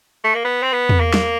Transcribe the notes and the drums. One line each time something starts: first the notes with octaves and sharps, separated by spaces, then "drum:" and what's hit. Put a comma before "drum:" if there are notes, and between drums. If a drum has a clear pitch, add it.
A3
A#3
B3
C4
B3
drum: tom E2
A#3
drum: snare